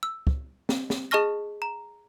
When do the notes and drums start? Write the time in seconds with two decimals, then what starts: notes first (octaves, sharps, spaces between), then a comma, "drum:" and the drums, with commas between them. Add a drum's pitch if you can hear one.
0.03 E6
0.27 drum: kick
0.69 drum: snare
0.90 drum: snare
1.11 G#4 D#5 A5 C#6 F6 A#6
1.62 A#5